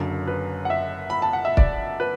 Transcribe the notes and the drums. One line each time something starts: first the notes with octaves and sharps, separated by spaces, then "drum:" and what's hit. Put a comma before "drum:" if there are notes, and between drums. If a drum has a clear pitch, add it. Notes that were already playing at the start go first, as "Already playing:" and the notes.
Already playing: F#1 F#2 D3 F#3
B4
F#5
E5
B5
A5
F#5
E5
D5, drum: kick
B4